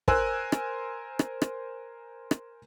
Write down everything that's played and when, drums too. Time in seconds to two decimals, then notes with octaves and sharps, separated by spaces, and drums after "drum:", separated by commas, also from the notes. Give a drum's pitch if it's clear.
0.08 A#4 C5 G#5 E6 F#6, drum: kick
0.52 drum: rim click
1.19 drum: rim click
1.42 drum: rim click
2.31 drum: rim click